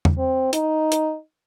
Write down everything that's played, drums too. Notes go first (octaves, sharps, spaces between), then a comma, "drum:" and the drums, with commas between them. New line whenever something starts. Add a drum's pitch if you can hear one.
drum: tom E2
C4
D#4, drum: hi-hat
drum: hi-hat